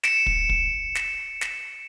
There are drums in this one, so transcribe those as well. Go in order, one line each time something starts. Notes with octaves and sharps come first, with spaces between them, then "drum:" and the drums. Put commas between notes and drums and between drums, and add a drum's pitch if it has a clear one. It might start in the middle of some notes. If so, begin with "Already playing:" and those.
C#7 D7 E7, drum: snare
drum: kick
drum: kick
drum: snare
drum: snare